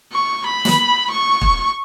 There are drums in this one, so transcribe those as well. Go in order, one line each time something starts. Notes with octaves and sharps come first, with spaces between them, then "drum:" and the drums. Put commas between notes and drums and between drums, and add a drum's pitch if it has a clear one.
C#6
B5
drum: snare
C#6
drum: kick